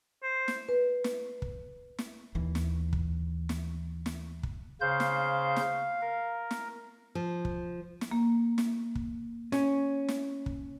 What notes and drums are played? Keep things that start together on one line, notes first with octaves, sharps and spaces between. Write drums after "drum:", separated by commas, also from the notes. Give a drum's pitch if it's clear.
C5
drum: snare
B4
drum: snare
drum: kick
drum: snare
D#2 E3
drum: snare
drum: kick
drum: snare
drum: snare
drum: kick
C#3 C5 F5 G6
drum: snare
drum: snare
A#4
drum: snare
F3
drum: kick
drum: snare
A#3
drum: snare
drum: kick
C#4, drum: snare
drum: snare
drum: kick